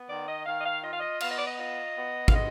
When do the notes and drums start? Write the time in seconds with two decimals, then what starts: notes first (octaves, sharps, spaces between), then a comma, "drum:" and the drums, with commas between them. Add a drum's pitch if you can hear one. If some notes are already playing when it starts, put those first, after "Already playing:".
Already playing: B3
0.08 D#3 D5
0.28 D#5
0.46 D#3 F5
0.61 D#5
0.65 F5
0.84 F4 D#5
0.93 F5
1.00 D#5
1.21 B3 F5, drum: cymbal
1.30 D#5
1.38 D5
1.47 D#5
1.59 F4 D#5
1.96 B3
2.28 F5, drum: kick
2.33 G#3 D#5